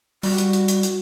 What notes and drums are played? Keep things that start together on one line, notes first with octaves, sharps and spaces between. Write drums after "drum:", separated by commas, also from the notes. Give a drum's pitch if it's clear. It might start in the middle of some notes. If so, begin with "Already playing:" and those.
G3 F#4, drum: open hi-hat
drum: hi-hat
drum: hi-hat
drum: hi-hat
drum: hi-hat